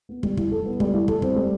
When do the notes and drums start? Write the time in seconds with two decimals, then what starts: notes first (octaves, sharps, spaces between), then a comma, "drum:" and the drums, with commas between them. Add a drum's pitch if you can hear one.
0.09 B3
0.23 G3, drum: kick
0.37 E4, drum: kick
0.51 A4
0.65 B3
0.80 G3, drum: kick
0.94 E4
1.08 A4, drum: kick
1.22 C4, drum: kick
1.36 G3